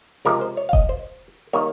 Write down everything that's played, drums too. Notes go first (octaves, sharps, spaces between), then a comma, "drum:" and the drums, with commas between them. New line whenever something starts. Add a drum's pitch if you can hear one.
C#2 C3 F3 G#3 A#4
C5
C#5
F5
D#5, drum: kick F1
C5
D#3 G3 A#3 C#5